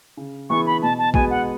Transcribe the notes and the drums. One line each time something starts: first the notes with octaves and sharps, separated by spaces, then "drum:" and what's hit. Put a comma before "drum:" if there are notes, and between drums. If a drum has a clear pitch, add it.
C#3
E3 B3 E4 G#4 C#6
B5
B2 A5
A5
G#3 B3 F#4 G#5, drum: kick
F#5